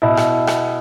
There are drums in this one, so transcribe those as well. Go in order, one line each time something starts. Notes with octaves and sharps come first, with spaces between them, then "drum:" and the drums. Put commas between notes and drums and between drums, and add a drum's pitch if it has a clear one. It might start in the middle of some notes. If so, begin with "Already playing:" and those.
B2 E4
drum: rim click
drum: rim click